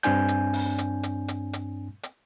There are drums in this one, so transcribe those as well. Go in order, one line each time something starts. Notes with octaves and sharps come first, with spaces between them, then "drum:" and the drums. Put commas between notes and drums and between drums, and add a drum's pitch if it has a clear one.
G2 C4 D4 G#5 G6, drum: hi-hat
drum: hi-hat
drum: open hi-hat
drum: hi-hat
drum: hi-hat
drum: hi-hat
drum: hi-hat
drum: hi-hat